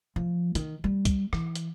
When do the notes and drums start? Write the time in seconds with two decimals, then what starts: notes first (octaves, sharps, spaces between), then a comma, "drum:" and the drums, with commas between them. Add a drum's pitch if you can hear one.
0.16 F3
0.55 D#3, drum: hi-hat
0.84 G3
1.05 drum: kick C2, hi-hat
1.33 E3, drum: rim click
1.55 drum: hi-hat